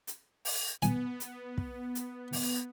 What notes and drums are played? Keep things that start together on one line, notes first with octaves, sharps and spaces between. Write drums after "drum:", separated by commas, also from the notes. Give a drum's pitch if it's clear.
drum: hi-hat
drum: open hi-hat
B3 G#5, drum: hi-hat
drum: hi-hat
drum: kick
drum: hi-hat
drum: open hi-hat